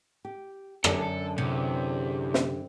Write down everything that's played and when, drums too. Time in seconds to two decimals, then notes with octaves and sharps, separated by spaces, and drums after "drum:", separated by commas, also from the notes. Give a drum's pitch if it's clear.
0.25 G4
0.84 F#2 D3 D4 F#4 A4, drum: rim click
1.02 A4
1.38 E2 C3
2.34 drum: snare